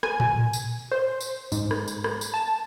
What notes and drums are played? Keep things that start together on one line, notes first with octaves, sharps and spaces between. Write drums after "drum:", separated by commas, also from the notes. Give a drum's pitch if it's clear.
G#5, drum: rim click
drum: tom A2
drum: tambourine
C5
drum: tambourine
G#2, drum: tambourine
drum: rim click
drum: tambourine
drum: rim click
drum: tambourine
A5